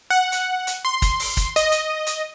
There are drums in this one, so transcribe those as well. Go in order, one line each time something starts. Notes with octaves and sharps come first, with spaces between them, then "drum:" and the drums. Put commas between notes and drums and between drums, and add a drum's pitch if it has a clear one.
F#5
drum: hi-hat
drum: hi-hat
C6
drum: kick, hi-hat
drum: open hi-hat
drum: kick, hi-hat
D#5, drum: hi-hat
drum: hi-hat
drum: hi-hat